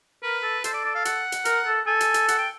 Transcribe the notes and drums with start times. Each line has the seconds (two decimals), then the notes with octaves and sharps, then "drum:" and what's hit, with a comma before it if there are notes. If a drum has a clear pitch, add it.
0.23 A#4 B4
0.43 A4
0.64 A4 C5, drum: hi-hat
0.74 D5
0.85 D5
0.95 F5
1.05 F#5, drum: hi-hat
1.32 drum: hi-hat
1.45 A#4, drum: hi-hat
1.66 A4
1.87 A4 G#5
2.00 drum: hi-hat
2.14 drum: hi-hat
2.28 F#5, drum: hi-hat
2.38 G5